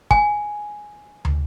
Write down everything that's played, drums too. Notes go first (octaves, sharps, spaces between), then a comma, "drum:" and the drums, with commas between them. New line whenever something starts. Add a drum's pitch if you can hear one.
G#5, drum: kick
drum: tom